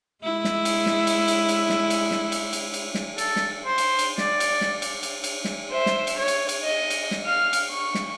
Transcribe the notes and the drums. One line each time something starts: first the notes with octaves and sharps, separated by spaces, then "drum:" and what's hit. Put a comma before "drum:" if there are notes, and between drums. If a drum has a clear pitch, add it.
G#3 E4
drum: snare
drum: cymbal
drum: snare
drum: cymbal
drum: cymbal
drum: cymbal
drum: snare
drum: cymbal
drum: snare
drum: cymbal
drum: cymbal
drum: cymbal
drum: snare
A4, drum: cymbal
drum: snare
C5
drum: cymbal
drum: cymbal
D5, drum: snare
drum: cymbal
drum: snare
drum: cymbal
drum: cymbal
drum: cymbal
drum: snare
C5 E5
drum: snare
drum: cymbal
C#5
drum: cymbal
drum: cymbal
D#5
drum: cymbal
drum: snare
F5 F6
drum: cymbal
C#6
drum: snare